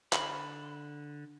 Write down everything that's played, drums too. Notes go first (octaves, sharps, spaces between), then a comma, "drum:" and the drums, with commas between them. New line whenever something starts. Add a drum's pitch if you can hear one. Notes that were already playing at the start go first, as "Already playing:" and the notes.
D3 B5, drum: clap